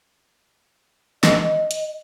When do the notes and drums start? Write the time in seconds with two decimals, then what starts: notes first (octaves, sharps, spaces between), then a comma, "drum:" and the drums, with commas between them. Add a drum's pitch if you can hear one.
1.24 D#5, drum: snare
1.71 drum: hi-hat